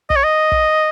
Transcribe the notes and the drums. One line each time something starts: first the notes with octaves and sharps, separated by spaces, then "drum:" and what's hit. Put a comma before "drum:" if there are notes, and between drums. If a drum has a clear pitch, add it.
D#5, drum: kick
C#5
D#5
drum: kick